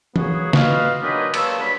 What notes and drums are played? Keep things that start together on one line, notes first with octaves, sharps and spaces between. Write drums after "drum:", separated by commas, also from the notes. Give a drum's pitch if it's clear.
C#3 A#3 B3 F#4 G#4, drum: tom E3
B3 F4 F#4 B4 D#5 F5, drum: snare
D#3 F#3 G#3 D4 D#4 B4
A#3 B4 C#5 A5 E6, drum: cymbal
G2 F#3 G3 C#4 B5